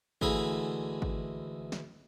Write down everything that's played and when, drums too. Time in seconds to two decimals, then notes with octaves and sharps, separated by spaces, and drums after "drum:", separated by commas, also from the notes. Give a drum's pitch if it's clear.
0.21 D2 E3 G#3 B5, drum: kick G#1
1.02 drum: kick G#1
1.72 drum: snare